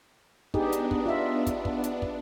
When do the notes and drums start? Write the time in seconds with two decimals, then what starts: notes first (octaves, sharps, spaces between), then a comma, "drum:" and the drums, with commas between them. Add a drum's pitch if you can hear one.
0.54 B3 D4 D#4 G4 G#4, drum: kick
0.72 drum: hi-hat
0.91 drum: kick
1.06 F4 D#5 E5
1.47 drum: kick, hi-hat
1.65 drum: kick
1.84 drum: hi-hat
2.02 drum: kick